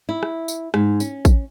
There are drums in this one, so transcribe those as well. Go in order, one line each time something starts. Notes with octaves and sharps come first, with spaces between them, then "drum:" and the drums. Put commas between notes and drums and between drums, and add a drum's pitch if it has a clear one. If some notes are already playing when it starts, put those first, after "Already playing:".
E4
drum: rim click
drum: tambourine
G#2, drum: rim click
C#4, drum: tambourine
drum: kick A1, tambourine